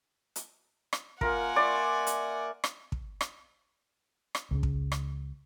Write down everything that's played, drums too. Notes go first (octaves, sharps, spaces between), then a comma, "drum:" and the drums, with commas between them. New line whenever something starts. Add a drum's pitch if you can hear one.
drum: hi-hat
drum: rim click
A#3 F4 A#4 F#5 G#5, drum: kick
D5 E5 C6 C#6
drum: hi-hat
drum: rim click
drum: kick
drum: rim click
drum: rim click
C#2 C#3
drum: kick
drum: rim click